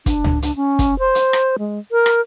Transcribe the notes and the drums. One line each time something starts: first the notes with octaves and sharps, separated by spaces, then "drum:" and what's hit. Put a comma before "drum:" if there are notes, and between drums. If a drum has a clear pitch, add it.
D4, drum: kick, hi-hat
drum: tom C#2
D4, drum: hi-hat
C#4
drum: kick, hi-hat
C5
drum: hi-hat
drum: rim click
G#3
A#4
drum: rim click